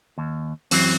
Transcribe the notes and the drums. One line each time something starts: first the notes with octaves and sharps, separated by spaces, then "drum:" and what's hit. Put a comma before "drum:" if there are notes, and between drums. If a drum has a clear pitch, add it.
D#2
F#2 E3 F#3 C4, drum: open hi-hat